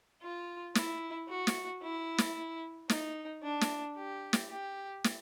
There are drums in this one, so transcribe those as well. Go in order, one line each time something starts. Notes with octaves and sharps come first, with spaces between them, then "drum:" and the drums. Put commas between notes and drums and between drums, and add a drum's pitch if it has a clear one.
F4
E4, drum: snare
F#4
drum: snare
E4
drum: snare
D#4, drum: snare
D4
drum: snare
G4
drum: snare
G4
drum: snare